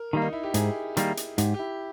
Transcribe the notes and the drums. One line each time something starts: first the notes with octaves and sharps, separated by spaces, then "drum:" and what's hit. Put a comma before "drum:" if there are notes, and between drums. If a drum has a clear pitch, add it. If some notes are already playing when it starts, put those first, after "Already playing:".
Already playing: A#4
D#3 G3 A#3
D#4
E4
G4
G#2 G#4, drum: hi-hat
D#3 G3 A#3, drum: hi-hat
drum: hi-hat
G#2 G4, drum: hi-hat
G4
E4